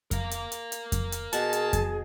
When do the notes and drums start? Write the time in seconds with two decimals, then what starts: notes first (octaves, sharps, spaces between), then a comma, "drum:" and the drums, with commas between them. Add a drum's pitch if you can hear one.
0.11 A#4 F5, drum: kick F2, hi-hat
0.31 drum: hi-hat
0.52 drum: hi-hat
0.72 drum: hi-hat
0.92 drum: kick F2, hi-hat
1.12 drum: hi-hat
1.33 B2 G#4 F#5 A5 C#6, drum: hi-hat
1.53 drum: hi-hat
1.73 drum: kick F2, hi-hat